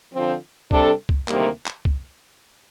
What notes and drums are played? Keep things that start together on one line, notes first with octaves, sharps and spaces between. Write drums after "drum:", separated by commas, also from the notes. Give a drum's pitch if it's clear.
D3 F3 C4 F4 C5
C3 G3 D4 A4, drum: kick
drum: kick
D2 C3 D#3 G3 A#3, drum: clap
drum: clap
drum: kick